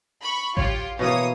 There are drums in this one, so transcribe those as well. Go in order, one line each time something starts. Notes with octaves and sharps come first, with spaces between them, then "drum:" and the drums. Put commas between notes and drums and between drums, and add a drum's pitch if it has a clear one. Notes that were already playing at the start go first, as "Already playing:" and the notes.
B5 C#6
F4 G4 C#5, drum: kick A1
B2 E3 A#3 C#5 D#6